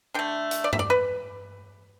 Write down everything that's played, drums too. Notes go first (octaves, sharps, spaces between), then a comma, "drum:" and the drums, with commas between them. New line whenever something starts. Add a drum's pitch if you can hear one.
D3 A3 G5
drum: hi-hat
D5
E5, drum: tom G2
D5
B4